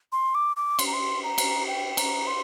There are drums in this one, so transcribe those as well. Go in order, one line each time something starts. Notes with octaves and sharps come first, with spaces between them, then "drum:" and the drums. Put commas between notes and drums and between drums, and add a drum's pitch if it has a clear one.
C6
D6
D6
C6, drum: cymbal
A#5
C6
A#5
drum: cymbal
G5
A#5, drum: cymbal
C6